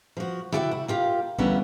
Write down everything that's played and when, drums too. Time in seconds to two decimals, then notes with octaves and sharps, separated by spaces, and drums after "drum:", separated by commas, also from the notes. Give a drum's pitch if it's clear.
0.17 F3 F#4
0.52 E4 F#4 D5 E5 F5 G5, drum: tom C3
0.71 E4
0.88 A#3 F4 G4
1.38 D3 E3 G3 A#3 B3 C#4, drum: kick